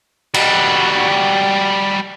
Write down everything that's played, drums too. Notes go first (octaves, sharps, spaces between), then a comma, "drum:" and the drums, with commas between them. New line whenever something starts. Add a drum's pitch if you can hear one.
G3 F#4, drum: cymbal